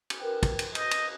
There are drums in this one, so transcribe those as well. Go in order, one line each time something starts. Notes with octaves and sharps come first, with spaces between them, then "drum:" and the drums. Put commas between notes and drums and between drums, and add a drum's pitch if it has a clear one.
drum: cymbal
A#4 B4 G5
drum: kick, cymbal
drum: cymbal
B4 D#5 G6, drum: cymbal
drum: cymbal